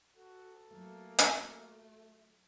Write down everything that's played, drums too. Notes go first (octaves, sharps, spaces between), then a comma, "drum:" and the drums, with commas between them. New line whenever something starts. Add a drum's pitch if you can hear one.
F#4 A4
F#3 A3 A#3 F4
drum: hi-hat